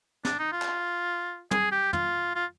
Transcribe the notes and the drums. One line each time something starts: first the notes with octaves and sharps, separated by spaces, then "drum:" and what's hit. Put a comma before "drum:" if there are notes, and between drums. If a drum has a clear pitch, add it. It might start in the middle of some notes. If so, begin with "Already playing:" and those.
D4, drum: snare
D#4
F4
drum: clap
G#4, drum: tom
G4
F4, drum: tom
F4